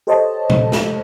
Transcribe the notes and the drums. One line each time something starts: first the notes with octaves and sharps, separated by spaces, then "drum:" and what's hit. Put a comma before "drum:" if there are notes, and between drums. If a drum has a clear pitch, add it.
G4 A4 C5 C#5 D#5 A5
drum: tom A#2
drum: snare